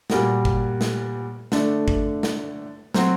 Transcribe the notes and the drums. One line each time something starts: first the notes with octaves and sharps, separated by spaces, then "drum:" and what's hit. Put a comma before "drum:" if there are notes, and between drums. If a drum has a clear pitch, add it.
A#2 G3 A#3 F#4 A#4, drum: snare
drum: kick G#1
drum: snare
D3 A3 D4, drum: snare
drum: kick G#1
drum: snare
F#3 C4 F#4 C5, drum: snare